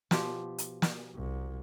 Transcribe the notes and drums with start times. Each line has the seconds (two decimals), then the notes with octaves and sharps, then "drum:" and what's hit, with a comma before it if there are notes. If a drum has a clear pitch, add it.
0.11 B2 F3 G4, drum: snare
0.58 drum: hi-hat
0.82 drum: snare
1.15 C2